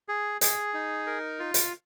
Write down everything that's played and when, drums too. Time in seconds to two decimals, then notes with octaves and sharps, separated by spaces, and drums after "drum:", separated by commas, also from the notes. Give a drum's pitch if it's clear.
0.08 G#4
0.41 G#4, drum: hi-hat
0.74 D#4
1.07 A#4
1.39 F4
1.54 drum: hi-hat